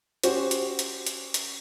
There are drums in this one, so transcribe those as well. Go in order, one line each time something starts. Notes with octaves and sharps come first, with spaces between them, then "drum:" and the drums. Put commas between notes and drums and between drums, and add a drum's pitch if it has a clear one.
C#4 F#4 G4 C5, drum: hi-hat
drum: hi-hat
drum: hi-hat
drum: hi-hat
drum: hi-hat